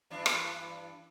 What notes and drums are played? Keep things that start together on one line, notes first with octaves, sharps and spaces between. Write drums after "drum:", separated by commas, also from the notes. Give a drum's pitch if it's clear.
G2 E3 D4
drum: rim click